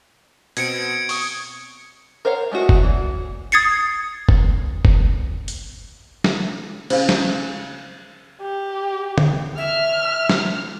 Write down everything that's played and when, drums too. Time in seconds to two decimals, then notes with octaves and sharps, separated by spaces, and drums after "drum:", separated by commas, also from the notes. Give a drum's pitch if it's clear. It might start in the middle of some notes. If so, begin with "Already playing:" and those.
0.57 B2 C4 G#6 C#7 D7, drum: hi-hat
1.09 C#6 D#6, drum: open hi-hat
2.25 A#4 C5 C#5 F5 F#5
2.52 G#3 A3 E4 F#4
2.69 drum: kick F#1
2.81 E3 D4
3.52 D#6 G#6 A6 C7 C#7
4.29 drum: kick F#1
4.85 drum: kick F#1
5.48 drum: hi-hat
6.24 drum: snare
6.90 C#3 C#4 C5 F5, drum: cymbal
7.09 drum: snare
8.42 G4
9.18 drum: tom
9.58 E5 F6
10.29 drum: snare